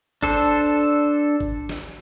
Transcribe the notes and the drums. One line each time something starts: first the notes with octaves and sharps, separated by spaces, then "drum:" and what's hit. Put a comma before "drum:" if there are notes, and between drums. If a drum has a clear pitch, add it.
D4 A4 C5, drum: kick G1
drum: kick G1
drum: snare